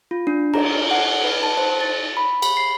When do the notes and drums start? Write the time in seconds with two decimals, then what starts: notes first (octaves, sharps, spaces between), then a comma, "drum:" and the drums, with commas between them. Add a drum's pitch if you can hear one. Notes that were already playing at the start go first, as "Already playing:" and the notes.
0.11 F4
0.27 D4
0.54 A#5, drum: cymbal
0.91 F#5
1.24 B4
1.43 A5
1.57 C5
1.81 A6
2.17 B5
2.42 B5, drum: cymbal
2.57 C7